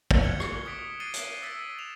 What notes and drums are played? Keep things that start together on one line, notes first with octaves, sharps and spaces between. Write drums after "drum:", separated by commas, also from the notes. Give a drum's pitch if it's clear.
drum: kick
F6 F#6 G#6 C#7 G7
drum: rim click
D6 D#6 B6 D7
F#6 A6 C7 D7 D#7 G7
drum: hi-hat
E6 A6 B6 D7
E7 F7